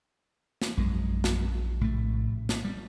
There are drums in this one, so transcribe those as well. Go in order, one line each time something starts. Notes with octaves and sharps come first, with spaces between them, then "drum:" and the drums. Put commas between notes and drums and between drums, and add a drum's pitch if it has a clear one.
drum: snare
A#1 F#2 G#3
drum: snare
A2 C3 A3
drum: snare
G3